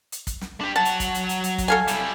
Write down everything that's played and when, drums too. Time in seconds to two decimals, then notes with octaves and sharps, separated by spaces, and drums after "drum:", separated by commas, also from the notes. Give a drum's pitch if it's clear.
0.12 drum: hi-hat
0.27 drum: kick, hi-hat
0.41 drum: snare
0.61 D4 G4
0.76 F#3 F#5 A5
0.85 drum: hi-hat
1.00 drum: kick, hi-hat
1.14 drum: hi-hat
1.29 drum: hi-hat
1.44 drum: hi-hat
1.58 drum: kick, hi-hat
1.68 A4 F5 G#5
1.88 G3 E4, drum: hi-hat